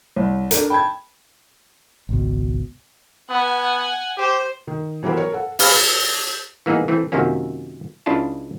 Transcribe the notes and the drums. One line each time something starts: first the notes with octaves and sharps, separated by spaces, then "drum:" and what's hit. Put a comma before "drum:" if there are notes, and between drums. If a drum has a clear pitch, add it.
C2 C#5
D4 A4 A#4, drum: hi-hat
G5 A5 B5 G#6
G#1 C#2 B2
B3 F#5 G#5
G4 C5
D#3
E3 F#3 B3 G4 A#4 C5
A#4 C#5
A4 F#5
B4 F5 G#5 B5 D6 F6, drum: open hi-hat
E3 A#3 B3 D#4 G#4
E3 A3 C4
F#2 C3 D#3 F3 A#3 C#4
C#2 C#3 D4 E4 F4 A5